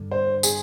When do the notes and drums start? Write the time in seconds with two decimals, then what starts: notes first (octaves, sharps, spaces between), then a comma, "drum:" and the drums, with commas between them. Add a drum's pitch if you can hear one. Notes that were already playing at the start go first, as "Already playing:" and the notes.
Already playing: G2 D3 G3
0.11 C5
0.43 G#4, drum: tambourine